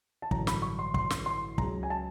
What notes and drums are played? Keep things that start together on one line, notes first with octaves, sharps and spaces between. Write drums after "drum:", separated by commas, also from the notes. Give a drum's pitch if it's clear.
A5
A1 G2 D3 F#3 A#5, drum: kick
B5, drum: snare
C#6
C6
C6, drum: kick
drum: snare
C6
C#2 C#3 F#3 A#5, drum: kick
G#5
A5